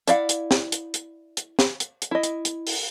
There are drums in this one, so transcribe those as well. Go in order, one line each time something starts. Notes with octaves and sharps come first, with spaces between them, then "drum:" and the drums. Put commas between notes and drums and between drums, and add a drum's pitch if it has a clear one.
E4 D5 F5 F#5, drum: hi-hat
drum: hi-hat
drum: snare
drum: hi-hat
drum: hi-hat
drum: hi-hat
drum: snare
drum: hi-hat
drum: hi-hat
E4 D#5
drum: hi-hat
drum: hi-hat
drum: open hi-hat